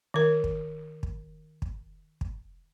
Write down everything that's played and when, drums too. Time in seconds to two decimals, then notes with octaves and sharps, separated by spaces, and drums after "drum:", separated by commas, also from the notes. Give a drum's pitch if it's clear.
0.14 D#3 A#4
0.44 drum: kick
1.03 drum: kick
1.62 drum: kick
2.21 drum: kick